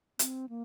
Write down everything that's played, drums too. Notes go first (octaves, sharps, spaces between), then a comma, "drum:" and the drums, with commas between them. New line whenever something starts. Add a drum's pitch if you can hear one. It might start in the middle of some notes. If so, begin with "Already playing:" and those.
C4, drum: hi-hat
A#3